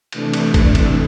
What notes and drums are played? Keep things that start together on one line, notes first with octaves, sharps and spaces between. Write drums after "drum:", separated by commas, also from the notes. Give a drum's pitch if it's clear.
C3 E3 A3 D4, drum: cymbal
drum: cymbal
drum: kick, cymbal
drum: cymbal